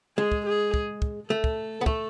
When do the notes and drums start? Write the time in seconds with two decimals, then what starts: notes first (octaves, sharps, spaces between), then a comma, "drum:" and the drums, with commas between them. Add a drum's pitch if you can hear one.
0.18 G#3 G#4
0.32 drum: kick
0.46 G#4
0.74 drum: kick
1.02 drum: kick
1.30 A3 A4
1.44 drum: kick
1.81 B3
1.86 A3, drum: kick